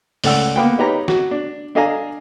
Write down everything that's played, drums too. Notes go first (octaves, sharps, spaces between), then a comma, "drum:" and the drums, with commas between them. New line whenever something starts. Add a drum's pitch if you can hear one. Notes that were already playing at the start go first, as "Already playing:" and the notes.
C#2 A3 D5 F#5 E6, drum: open hi-hat
A#3 B3 G5
D#4 G4 B4 C#5 A#5
F#4, drum: snare
D4
D4 A4 D#5 F5 G#5 A#5